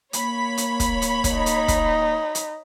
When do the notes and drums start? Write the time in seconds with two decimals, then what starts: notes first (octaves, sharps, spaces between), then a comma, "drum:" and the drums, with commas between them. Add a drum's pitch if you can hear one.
0.13 A#3 C#5 B5, drum: hi-hat
0.57 drum: hi-hat
0.80 drum: kick, hi-hat
1.02 drum: hi-hat
1.24 drum: kick, hi-hat
1.36 D#4
1.46 drum: hi-hat
1.68 drum: kick, hi-hat
2.35 drum: hi-hat